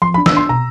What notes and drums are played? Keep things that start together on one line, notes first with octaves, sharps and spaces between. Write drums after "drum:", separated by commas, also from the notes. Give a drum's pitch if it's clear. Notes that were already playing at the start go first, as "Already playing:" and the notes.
F3 C6
B5
D4
E6, drum: snare
D4 C6
B2 A#5